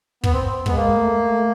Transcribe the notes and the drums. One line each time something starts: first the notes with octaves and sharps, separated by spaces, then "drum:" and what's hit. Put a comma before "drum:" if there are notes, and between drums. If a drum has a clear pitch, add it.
B3, drum: kick
C4
G#3 B3, drum: kick
A#3
A3